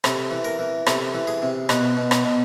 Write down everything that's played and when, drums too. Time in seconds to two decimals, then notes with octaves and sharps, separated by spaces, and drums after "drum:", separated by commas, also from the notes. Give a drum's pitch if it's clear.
0.04 C3 A4, drum: rim click
0.31 E3
0.44 A#4
0.59 E3
0.87 C3 A4, drum: rim click
1.14 E3
1.27 G#4
1.42 C3
1.69 B2 F#4, drum: rim click
1.97 B2
2.11 drum: rim click
2.24 B2